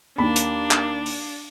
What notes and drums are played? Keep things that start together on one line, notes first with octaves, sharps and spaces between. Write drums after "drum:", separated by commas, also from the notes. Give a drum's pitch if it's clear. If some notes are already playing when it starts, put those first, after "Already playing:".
D#2 A#3 D4 B5
drum: hi-hat
drum: clap
drum: open hi-hat